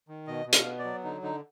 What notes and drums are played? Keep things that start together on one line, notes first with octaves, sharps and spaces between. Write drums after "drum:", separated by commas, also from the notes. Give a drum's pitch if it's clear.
D#3
B2 D#5
B2
F5, drum: hi-hat
B3
D5
F#3
D3 D#4
D3 D#4